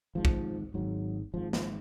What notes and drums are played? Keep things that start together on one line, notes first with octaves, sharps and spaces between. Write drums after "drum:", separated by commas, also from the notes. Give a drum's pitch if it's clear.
G#1 G#2 F3
drum: kick
G#1 G#2 F#3
G#1 G#2 F3
F3, drum: snare